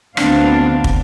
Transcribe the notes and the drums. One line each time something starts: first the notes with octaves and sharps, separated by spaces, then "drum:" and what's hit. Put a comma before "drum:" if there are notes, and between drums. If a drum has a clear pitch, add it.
D2 B3 C4 D4 F5, drum: rim click
drum: kick